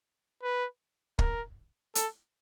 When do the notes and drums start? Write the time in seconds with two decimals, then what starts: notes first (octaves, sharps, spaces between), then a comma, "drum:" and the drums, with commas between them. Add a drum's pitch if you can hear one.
0.43 B4
1.19 A#4, drum: kick
1.95 A4, drum: hi-hat